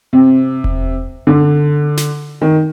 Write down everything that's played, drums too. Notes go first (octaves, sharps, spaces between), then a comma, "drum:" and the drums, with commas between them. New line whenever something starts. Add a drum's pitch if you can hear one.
C3
drum: kick E1
D3
drum: snare
D#3